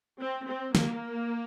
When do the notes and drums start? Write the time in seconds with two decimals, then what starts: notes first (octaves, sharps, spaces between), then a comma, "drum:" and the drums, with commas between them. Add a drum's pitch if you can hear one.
0.19 C4
0.46 C4
0.75 A#3, drum: snare